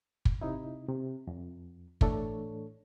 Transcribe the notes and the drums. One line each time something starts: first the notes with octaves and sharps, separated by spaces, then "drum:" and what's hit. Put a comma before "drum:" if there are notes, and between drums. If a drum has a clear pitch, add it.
drum: kick
C3 D#4 E4
C3
F2
A2 E3 A3 D4 A4 C#5, drum: kick